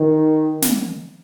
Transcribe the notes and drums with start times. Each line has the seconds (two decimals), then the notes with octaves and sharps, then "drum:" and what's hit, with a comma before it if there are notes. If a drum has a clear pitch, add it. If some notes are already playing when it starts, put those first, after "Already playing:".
Already playing: D#3
0.62 drum: snare